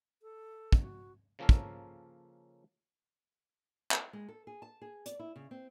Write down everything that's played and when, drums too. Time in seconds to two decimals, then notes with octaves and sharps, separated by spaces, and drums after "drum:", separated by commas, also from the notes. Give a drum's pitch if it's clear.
0.22 A4
0.72 drum: kick
0.82 F#4
1.39 C#3 F3 A#3 C#4 A4 A#4
1.49 drum: kick
3.91 drum: clap
4.13 G#3
4.29 A4
4.47 G#4
4.62 A5
4.82 G#4
5.06 D5, drum: hi-hat
5.19 E4
5.36 C#3
5.51 C4